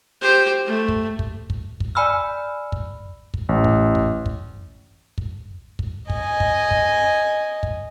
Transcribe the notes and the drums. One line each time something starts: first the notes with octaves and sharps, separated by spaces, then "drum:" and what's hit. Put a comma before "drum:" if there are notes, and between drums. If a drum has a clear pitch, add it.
G4 C5
A3
drum: kick
drum: kick
drum: kick
drum: kick
D5 G#5 B5 E6 F6
drum: kick
drum: kick
A1
drum: kick
drum: kick
drum: kick
drum: kick
drum: kick
D#5 G#5, drum: kick
drum: kick
drum: kick
drum: kick